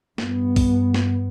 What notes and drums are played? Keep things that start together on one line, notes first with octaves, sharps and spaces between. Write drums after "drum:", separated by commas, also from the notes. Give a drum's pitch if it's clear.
G2 B3, drum: snare
drum: kick, open hi-hat
drum: snare